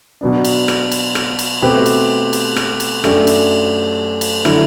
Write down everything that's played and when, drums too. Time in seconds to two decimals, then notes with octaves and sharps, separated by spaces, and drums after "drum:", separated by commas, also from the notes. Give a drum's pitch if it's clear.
0.21 B2 F#3 B3 D4
0.45 drum: cymbal
0.68 drum: rim click
0.92 drum: cymbal
1.15 drum: rim click
1.39 drum: cymbal
1.62 B2 A3 C4 G4 B4
1.86 drum: cymbal
2.33 drum: cymbal
2.56 drum: rim click
2.80 drum: cymbal
3.04 F#2 F#3 A3 D4 G4, drum: rim click
3.27 drum: cymbal
4.21 drum: cymbal
4.45 D3 F#3 A3 E4, drum: rim click